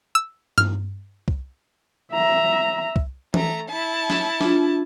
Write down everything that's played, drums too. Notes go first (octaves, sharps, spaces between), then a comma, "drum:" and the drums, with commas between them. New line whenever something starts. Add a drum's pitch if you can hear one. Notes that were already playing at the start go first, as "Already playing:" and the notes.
E6
F6, drum: tom G2
drum: kick C2
E5 A#5
drum: kick C2
A3 A#5, drum: tom E3
E4 A5
drum: snare
D4 F4, drum: snare